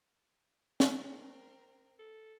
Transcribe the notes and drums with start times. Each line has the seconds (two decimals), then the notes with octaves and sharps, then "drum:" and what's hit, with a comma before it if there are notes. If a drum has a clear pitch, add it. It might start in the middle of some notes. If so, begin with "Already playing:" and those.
0.80 C4 A#4, drum: snare
1.99 A4